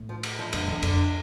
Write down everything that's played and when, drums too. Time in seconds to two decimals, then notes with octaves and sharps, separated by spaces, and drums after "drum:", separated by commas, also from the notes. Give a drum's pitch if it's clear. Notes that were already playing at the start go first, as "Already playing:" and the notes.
Already playing: A2
0.09 F3
0.23 drum: cymbal
0.39 F3
0.53 F2 D3, drum: cymbal
0.67 E2 D3
0.83 F2 D3, drum: cymbal